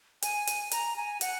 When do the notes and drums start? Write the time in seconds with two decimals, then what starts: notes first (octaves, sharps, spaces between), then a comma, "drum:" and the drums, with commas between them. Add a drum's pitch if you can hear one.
0.22 G#5, drum: hi-hat
0.47 drum: hi-hat
0.71 A#5, drum: hi-hat
0.96 G#5
1.21 F#5, drum: hi-hat